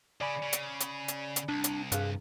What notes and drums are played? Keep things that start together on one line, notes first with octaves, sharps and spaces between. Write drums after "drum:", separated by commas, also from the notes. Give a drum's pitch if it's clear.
C#3 D5 G#5 B5
C#3
drum: hi-hat
drum: hi-hat
drum: hi-hat
drum: hi-hat
C2 D4
drum: hi-hat
G2 G#4 F5 F#6, drum: hi-hat